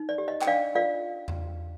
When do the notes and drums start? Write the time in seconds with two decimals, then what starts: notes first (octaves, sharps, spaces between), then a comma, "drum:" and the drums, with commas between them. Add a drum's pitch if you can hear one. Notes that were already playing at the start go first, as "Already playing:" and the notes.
Already playing: D#4
0.09 D5
0.18 G4
0.28 D#5
0.41 G5, drum: clap
0.47 D4 D5 F5
0.75 F4 D5 F5
1.28 drum: tom E2